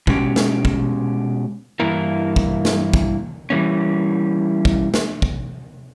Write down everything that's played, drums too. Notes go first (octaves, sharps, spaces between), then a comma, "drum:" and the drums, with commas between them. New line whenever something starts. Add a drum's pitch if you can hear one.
B2 G#3 C#4 G4, drum: kick
drum: snare
drum: kick
G2 E3 A#3 E4 A#4
drum: kick
drum: snare
drum: kick
E3 G3 A#3 C#4
drum: kick
drum: snare
drum: kick